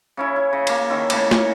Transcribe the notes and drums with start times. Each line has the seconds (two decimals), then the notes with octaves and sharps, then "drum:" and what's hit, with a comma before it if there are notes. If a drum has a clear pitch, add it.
0.17 C#3 C#4 E4
0.36 E4
0.53 C#3
0.67 A#3 A4, drum: cymbal
0.89 D#3 C#4 E4
1.10 A2 C#3 A#3, drum: cymbal
1.31 drum: snare